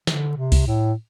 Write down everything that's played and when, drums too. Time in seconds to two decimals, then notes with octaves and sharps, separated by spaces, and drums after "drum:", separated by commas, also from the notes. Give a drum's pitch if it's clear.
0.07 D3, drum: snare
0.36 C3
0.52 drum: kick C2, open hi-hat
0.66 A2